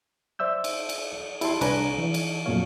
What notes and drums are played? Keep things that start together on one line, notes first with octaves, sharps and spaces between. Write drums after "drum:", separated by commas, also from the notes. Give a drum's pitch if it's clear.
C5 D5 E5 E6 G6
drum: cymbal
drum: cymbal
E4 G4 A5 C6, drum: cymbal
C2 D4 B4 C#5 G#5 A#5, drum: cymbal
E3
drum: cymbal
F2 A#2 F#3 A#3 C#5 F5